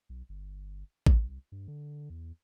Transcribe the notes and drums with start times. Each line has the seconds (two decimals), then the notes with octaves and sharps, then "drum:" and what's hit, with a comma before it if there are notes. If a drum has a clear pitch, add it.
0.09 B1
0.29 G1
1.07 C2, drum: kick A1
1.52 G2
1.68 D3
2.10 E2